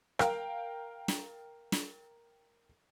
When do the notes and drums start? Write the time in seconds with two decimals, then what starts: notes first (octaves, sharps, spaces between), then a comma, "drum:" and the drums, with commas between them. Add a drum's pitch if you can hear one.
0.19 A#4 F5 G5, drum: rim click
1.08 drum: snare
1.72 drum: snare